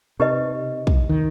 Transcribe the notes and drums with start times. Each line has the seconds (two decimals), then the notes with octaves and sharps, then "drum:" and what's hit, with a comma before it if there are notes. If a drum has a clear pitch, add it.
0.19 C3 D#4 G4 B4 D#5
0.87 drum: kick
1.09 D#3